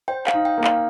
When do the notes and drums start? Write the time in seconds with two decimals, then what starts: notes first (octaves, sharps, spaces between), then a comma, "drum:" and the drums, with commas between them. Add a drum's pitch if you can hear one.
0.08 C5 G5
0.27 F5, drum: clap
0.34 D#4
0.45 G5
0.58 A#3
0.64 F5, drum: clap